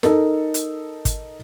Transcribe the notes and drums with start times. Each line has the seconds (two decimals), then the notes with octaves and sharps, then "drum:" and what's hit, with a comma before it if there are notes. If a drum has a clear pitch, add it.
0.03 D#4 A4 A#4, drum: snare
0.54 drum: hi-hat
1.05 drum: kick, hi-hat